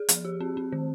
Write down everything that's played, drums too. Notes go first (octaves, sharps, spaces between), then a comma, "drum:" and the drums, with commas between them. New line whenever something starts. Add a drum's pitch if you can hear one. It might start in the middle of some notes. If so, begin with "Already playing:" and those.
Already playing: G#4
F3, drum: hi-hat
G4
C4
C4
D#3